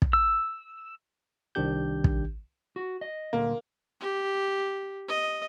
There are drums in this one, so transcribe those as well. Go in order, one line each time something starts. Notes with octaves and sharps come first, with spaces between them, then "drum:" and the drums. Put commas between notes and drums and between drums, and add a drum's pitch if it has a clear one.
drum: kick
E6
C2 D#3 D4 G4 G6
drum: kick
F#4
D#5
D2 A#2 A#3
G4
D#5